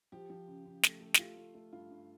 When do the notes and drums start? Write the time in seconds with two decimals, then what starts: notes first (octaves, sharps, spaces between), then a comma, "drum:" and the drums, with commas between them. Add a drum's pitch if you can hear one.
0.12 F3 G4
0.30 F3
0.48 C#3
0.66 C#3
0.83 A3, drum: snare
1.01 A3
1.14 G4, drum: snare
1.19 A3 F4
1.37 A3
1.55 A3
1.72 G2 F4
1.91 G2